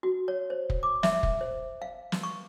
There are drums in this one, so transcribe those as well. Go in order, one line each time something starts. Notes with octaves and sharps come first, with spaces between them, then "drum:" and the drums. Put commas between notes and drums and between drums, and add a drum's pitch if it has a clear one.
F#4
C#5
C5
drum: kick
D6
E5, drum: snare
drum: kick
C5
F5
drum: snare
C#6